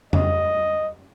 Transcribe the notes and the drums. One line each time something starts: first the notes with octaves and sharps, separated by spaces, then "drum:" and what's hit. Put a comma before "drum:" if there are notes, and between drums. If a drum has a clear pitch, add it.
D#5, drum: tom F2